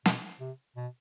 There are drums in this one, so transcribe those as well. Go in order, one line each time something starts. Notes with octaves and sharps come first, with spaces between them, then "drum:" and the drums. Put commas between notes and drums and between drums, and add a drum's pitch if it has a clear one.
B2, drum: snare
C3
B2